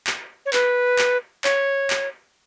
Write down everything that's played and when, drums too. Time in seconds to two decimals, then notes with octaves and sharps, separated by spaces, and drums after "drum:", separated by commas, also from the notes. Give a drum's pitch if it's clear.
0.07 drum: clap
0.46 C#5
0.53 B4, drum: clap
0.99 drum: clap
1.44 C#5, drum: clap
1.90 drum: clap